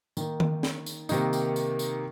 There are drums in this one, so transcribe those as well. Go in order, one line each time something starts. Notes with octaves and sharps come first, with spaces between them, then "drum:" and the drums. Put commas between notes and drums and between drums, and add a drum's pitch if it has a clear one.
D#3 A#3 D#4, drum: tambourine
drum: tom D#3
drum: snare
drum: tambourine
C3 D#3 A#3 D#4, drum: tambourine
drum: tambourine
drum: tambourine
drum: tambourine